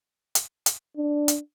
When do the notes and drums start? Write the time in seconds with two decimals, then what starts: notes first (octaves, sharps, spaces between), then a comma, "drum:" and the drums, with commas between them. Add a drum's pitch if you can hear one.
0.35 drum: hi-hat
0.66 drum: hi-hat
0.97 D4
1.28 drum: hi-hat